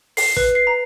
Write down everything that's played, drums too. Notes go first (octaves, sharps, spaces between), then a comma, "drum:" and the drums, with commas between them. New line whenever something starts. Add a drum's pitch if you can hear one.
C7, drum: open hi-hat
B4, drum: kick
C7
A#5